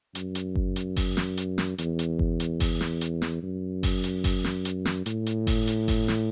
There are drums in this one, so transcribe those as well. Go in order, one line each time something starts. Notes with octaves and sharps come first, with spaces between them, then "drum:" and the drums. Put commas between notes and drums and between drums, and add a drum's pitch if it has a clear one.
F#2, drum: hi-hat
drum: hi-hat
drum: kick G1
drum: hi-hat
drum: kick G1, open hi-hat
drum: snare
drum: hi-hat
drum: snare
E2, drum: hi-hat
drum: hi-hat
drum: kick G1
drum: hi-hat
drum: kick G1, open hi-hat
drum: snare
drum: hi-hat
drum: snare
F#2
drum: kick G1, open hi-hat
drum: hi-hat
drum: kick G1, open hi-hat
drum: snare
drum: hi-hat
drum: snare
A2, drum: hi-hat
drum: hi-hat
drum: kick G1, open hi-hat
drum: hi-hat
drum: kick G1, open hi-hat
drum: snare